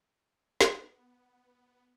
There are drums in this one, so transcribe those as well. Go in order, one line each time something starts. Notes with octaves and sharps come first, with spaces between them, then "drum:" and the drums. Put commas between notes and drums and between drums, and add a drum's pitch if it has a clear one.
B3, drum: snare